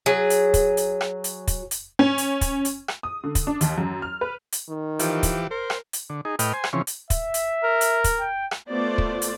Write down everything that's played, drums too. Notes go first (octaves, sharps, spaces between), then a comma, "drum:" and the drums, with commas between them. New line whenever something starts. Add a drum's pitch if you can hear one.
F#3 G#4
drum: hi-hat
drum: kick, hi-hat
drum: hi-hat
drum: rim click
drum: hi-hat
drum: kick, hi-hat
drum: hi-hat
C#4
drum: hi-hat
drum: kick, hi-hat
drum: hi-hat
drum: rim click
D#6
D3
drum: kick, hi-hat
D4
D#2, drum: hi-hat
F#2
F6
B4
drum: hi-hat
D#3
E3 F3 G4, drum: hi-hat
drum: kick, hi-hat
A#4 C5
drum: rim click
drum: hi-hat
D3
D#4 G#4
A2 B4 D#5 G5 F6, drum: hi-hat
C5 G#5
drum: rim click
C#3 E3 F3 C4 C#4
drum: hi-hat
E5, drum: kick, hi-hat
drum: hi-hat
A#4
drum: hi-hat
drum: kick, hi-hat
G5
drum: rim click
A3 B3 F4 C5 D5
drum: kick
drum: hi-hat